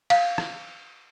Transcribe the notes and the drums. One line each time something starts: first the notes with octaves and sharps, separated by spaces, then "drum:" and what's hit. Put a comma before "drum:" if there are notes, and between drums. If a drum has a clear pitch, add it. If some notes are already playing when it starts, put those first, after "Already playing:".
F5, drum: cymbal
drum: rim click